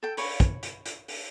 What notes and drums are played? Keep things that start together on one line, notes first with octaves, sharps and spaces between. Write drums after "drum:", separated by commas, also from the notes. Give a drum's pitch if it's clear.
A4 G5
C#5 B5, drum: open hi-hat
drum: kick, hi-hat
drum: hi-hat
drum: hi-hat
drum: open hi-hat